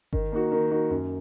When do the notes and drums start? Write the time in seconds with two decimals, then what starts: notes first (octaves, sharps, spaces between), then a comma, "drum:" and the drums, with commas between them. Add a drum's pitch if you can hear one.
0.13 D#3, drum: kick G1
0.32 A#3 D#4 F#4
0.52 D#3
0.71 A#3 D#4 F#4
0.91 F#2